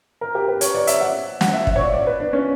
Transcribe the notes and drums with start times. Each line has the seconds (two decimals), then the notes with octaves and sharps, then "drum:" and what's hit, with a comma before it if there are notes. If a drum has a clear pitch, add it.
0.21 A#4
0.35 G4
0.48 B4
0.61 C#5, drum: hi-hat
0.74 D5
0.87 E5, drum: hi-hat
1.01 F#5
1.41 F#5, drum: snare
1.53 E5
1.67 E5, drum: kick
1.76 C#5
1.81 D5
1.94 D5
2.07 B4
2.20 D4
2.33 C#4